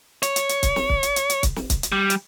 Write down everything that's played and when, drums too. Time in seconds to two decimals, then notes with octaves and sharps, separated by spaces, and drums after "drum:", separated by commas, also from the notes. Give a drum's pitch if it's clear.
0.23 C#5, drum: hi-hat
0.36 drum: hi-hat
0.49 drum: hi-hat
0.63 drum: kick, hi-hat
0.76 drum: snare
0.89 drum: kick
1.03 drum: hi-hat
1.16 drum: hi-hat
1.30 drum: hi-hat
1.43 drum: kick, hi-hat
1.56 drum: snare
1.70 drum: kick, hi-hat
1.83 drum: hi-hat
1.92 G3
2.10 drum: hi-hat